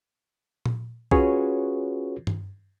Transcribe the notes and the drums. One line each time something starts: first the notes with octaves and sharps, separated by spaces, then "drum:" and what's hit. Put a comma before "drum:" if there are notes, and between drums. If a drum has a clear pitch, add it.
drum: tom A#2
C#4 F4 F#4 G#4 B4 C#5, drum: kick B1
drum: tom G2